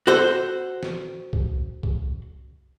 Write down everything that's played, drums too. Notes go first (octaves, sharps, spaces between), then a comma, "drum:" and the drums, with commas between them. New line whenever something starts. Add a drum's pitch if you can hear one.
F#4 A4 C5
drum: snare
drum: kick
drum: kick